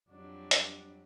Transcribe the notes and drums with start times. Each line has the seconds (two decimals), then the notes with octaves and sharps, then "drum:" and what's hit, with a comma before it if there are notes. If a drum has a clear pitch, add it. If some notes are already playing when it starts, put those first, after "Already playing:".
0.10 F2 F#3 G3 D4
0.51 drum: hi-hat